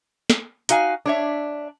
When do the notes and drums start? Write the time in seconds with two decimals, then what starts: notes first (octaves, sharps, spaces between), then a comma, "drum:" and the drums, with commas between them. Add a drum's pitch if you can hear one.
0.30 drum: snare
0.69 D#4 F#4 F5 G#5, drum: hi-hat
1.06 D4 C#5 E5